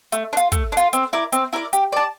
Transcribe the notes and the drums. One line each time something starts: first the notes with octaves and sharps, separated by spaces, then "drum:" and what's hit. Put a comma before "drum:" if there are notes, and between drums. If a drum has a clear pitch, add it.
A3, drum: hi-hat
D4
F4, drum: hi-hat
A3, drum: kick, hi-hat
D4
F4, drum: hi-hat
C4, drum: hi-hat
E4 A#4 D5
C4, drum: hi-hat
E4 A#4 D5
G4, drum: hi-hat
D5 A5